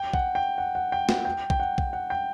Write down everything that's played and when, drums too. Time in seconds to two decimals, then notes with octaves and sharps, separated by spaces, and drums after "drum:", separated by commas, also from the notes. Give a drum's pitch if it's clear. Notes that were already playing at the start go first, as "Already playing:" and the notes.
Already playing: G5
0.13 F#5, drum: kick
0.35 G5
0.58 F#5
0.75 F#5
0.92 G5
1.09 F#5, drum: snare
1.25 G5
1.50 G5, drum: kick
1.60 F#5
1.78 drum: kick
1.93 F#5
2.10 G5